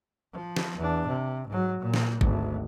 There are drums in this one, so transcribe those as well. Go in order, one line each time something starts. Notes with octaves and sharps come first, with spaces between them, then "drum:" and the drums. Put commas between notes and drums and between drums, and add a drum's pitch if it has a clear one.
F3
drum: snare
E2 D4
C3
G#2 F#3
A#2
drum: snare
G#1 D2, drum: kick